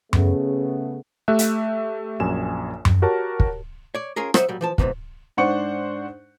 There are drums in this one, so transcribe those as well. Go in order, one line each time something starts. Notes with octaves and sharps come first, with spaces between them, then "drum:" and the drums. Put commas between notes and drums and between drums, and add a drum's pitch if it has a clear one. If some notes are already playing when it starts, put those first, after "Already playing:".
C#3 A3 B3, drum: tom F#2
A3 G4 E5 F#6
drum: hi-hat
A#1 F#2 G#5 E7
drum: tom F#2
F#4 G4 A#4 C#5 A5
drum: kick
C#5 D5
C#4 F4 G#4 A#4
F#3 C5 D#5 E5 F#5, drum: rim click
A#2 F#3 G3
E3 F3 A5
B1 G#2 C3 E3 B3, drum: kick
G#2 D4 C5 F#5 C#6 C#7